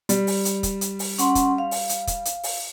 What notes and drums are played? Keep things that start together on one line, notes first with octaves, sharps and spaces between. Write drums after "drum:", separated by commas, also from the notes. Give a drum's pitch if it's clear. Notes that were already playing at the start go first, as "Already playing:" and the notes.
G3, drum: hi-hat
drum: open hi-hat
drum: hi-hat
drum: kick, hi-hat
drum: hi-hat
drum: open hi-hat
C#4 F#5 C6, drum: hi-hat
drum: kick, hi-hat
F5
drum: open hi-hat
drum: hi-hat
drum: kick, hi-hat
drum: hi-hat
drum: open hi-hat